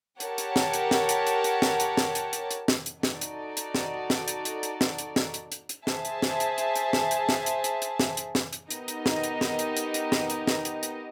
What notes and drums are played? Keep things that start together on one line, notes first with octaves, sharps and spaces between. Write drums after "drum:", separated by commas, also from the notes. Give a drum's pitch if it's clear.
G4 A#4 C#5 F#5 A5, drum: hi-hat
drum: hi-hat
drum: snare
drum: hi-hat
drum: snare
drum: hi-hat
drum: hi-hat
drum: hi-hat
drum: snare
drum: hi-hat
drum: snare
drum: hi-hat
drum: hi-hat
drum: hi-hat
drum: snare
drum: hi-hat
D#4 F#4 A4 D5, drum: snare
drum: hi-hat
drum: hi-hat
drum: snare
drum: snare
drum: hi-hat
drum: hi-hat
drum: hi-hat
drum: snare
drum: hi-hat
drum: snare
drum: hi-hat
drum: hi-hat
drum: hi-hat
G#4 C5 E5 A5, drum: snare
drum: hi-hat
drum: snare
drum: hi-hat
drum: hi-hat
drum: hi-hat
drum: snare
drum: hi-hat
drum: snare
drum: hi-hat
drum: hi-hat
drum: hi-hat
drum: snare
drum: hi-hat
drum: snare
drum: hi-hat
B3 D#4 G4 A#4 D#5, drum: hi-hat
drum: hi-hat
drum: snare
drum: hi-hat
drum: snare
drum: hi-hat
drum: hi-hat
drum: hi-hat
drum: snare
drum: hi-hat
drum: snare
drum: hi-hat
drum: hi-hat